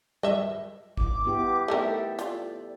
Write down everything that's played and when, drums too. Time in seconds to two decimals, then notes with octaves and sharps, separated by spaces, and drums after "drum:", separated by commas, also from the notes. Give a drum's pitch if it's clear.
0.23 D#5 E5, drum: tom G3
0.97 D6, drum: kick
1.26 B3 E4 G4
1.68 A3 D#4 A4 A#4 E5 G5
2.19 F4 D5, drum: hi-hat